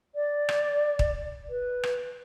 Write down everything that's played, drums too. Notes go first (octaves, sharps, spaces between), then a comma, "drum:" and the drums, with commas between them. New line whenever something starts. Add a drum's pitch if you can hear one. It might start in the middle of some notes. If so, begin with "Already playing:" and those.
D5
drum: rim click
drum: kick D#1
B4
drum: rim click